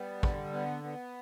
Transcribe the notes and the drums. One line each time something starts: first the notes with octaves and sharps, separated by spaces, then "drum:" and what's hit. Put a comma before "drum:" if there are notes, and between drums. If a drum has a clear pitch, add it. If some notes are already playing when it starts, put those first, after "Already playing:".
Already playing: G3 B3
D3, drum: kick
B3
B3